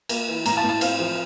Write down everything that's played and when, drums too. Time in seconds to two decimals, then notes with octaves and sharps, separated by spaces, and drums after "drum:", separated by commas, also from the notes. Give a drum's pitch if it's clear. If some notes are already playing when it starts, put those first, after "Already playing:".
0.09 A#3, drum: cymbal
0.28 E3
0.46 A2 A#5, drum: cymbal
0.57 A5
0.64 A2
0.69 A5
0.81 C4 F5, drum: cymbal
1.00 F3